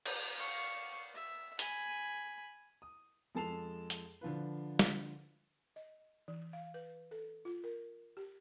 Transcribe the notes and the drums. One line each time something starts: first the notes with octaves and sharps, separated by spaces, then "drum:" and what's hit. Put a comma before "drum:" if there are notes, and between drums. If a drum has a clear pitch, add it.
drum: cymbal
F5 C#6
E5
G#5 B5, drum: hi-hat
D#6
F2 G#3 A4 A5 C7 F7
drum: hi-hat
D3 F3 F4 B4
drum: snare
D#5
E3
F5
B4
A4
F4
A#4
G4